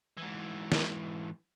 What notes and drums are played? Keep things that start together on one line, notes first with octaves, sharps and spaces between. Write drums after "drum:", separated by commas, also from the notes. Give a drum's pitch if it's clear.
G#2 E3
drum: snare